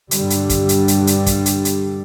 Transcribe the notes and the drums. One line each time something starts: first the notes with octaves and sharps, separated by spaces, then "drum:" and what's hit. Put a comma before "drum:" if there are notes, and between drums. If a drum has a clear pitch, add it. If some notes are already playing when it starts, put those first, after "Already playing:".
G2 D3 G3, drum: hi-hat
drum: hi-hat
drum: kick, hi-hat
drum: hi-hat
drum: hi-hat
drum: hi-hat
drum: kick, hi-hat
drum: hi-hat
drum: hi-hat